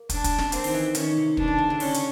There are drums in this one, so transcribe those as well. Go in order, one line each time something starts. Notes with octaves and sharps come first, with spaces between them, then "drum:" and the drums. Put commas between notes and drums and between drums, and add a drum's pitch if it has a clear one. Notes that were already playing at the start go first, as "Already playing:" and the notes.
Already playing: A#3
D4, drum: kick, hi-hat
drum: kick, hi-hat
drum: snare
A#3 C4, drum: hi-hat
D#3, drum: open hi-hat
E3
D#3 C#4, drum: hi-hat
C3
B2 D4, drum: kick
C3
C#3
D3
C#3 C#4, drum: open hi-hat
drum: hi-hat